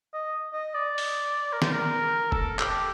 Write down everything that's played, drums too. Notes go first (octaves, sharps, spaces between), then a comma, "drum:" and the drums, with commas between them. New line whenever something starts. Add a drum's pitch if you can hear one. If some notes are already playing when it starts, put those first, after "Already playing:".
D#5
D#5
D5
drum: open hi-hat
A#4
C5, drum: snare
A#4
A4, drum: kick E1
G4, drum: clap